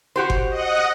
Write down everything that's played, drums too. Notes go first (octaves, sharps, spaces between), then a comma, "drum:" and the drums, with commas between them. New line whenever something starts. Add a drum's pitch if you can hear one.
F#4 G4 C5
drum: kick G1
D#5 F#5